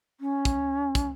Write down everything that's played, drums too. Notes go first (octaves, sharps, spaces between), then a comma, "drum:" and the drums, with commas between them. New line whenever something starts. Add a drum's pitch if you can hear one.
C#4
drum: kick, hi-hat
drum: kick, hi-hat